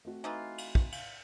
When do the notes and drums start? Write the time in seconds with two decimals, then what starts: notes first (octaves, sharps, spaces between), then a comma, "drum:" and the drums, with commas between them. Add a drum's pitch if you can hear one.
0.05 A3 C4 F#4
0.24 E3 D#4 F4
0.58 drum: cymbal
0.75 drum: kick
0.92 drum: cymbal